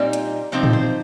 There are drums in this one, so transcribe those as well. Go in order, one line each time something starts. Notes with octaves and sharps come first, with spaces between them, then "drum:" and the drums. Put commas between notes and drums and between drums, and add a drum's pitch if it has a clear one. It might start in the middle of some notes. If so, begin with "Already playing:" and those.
Already playing: A#2 G3 C4 D#4
drum: hi-hat
C3 F3 C4 D#4 C5
drum: tom
C5